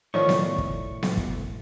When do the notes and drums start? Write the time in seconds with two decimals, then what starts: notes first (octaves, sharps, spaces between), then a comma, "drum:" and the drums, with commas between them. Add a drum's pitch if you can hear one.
0.14 A2 D#3 F3 A3 C#5 D5 C#6
0.29 drum: snare B3
0.58 drum: kick
1.03 drum: snare B3
1.17 drum: kick